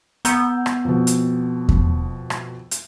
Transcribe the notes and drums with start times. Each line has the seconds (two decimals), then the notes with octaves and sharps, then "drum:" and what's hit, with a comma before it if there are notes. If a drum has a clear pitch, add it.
0.25 B3 A#5 E6 G6, drum: hi-hat
0.66 drum: rim click
0.85 F2 B2
1.07 drum: hi-hat
1.69 drum: kick E2
2.30 drum: rim click
2.71 drum: hi-hat